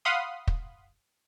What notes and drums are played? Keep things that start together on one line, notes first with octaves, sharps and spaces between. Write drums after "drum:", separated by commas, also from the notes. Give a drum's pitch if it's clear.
F5 F#5 B5 C6 D#6
drum: kick